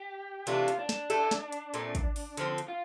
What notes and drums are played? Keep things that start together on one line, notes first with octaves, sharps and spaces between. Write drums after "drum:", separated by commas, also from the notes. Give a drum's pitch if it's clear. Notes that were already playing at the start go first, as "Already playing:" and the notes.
Already playing: G4
C3 E3 A3 D4 F4, drum: hi-hat
drum: hi-hat
D4
drum: snare
A3 E4 A4, drum: hi-hat
drum: snare
drum: hi-hat
A#2 A3 C4, drum: hi-hat
drum: kick, hi-hat
drum: open hi-hat
D3 F3 C4, drum: hi-hat
drum: hi-hat
F4